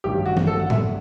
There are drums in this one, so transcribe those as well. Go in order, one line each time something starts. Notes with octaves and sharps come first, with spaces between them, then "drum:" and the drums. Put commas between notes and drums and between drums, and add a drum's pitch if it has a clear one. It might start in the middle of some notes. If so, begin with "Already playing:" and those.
A1 G2 D#3 F#3 G4
F#4
drum: tom
A4
F#5
E5, drum: tom A2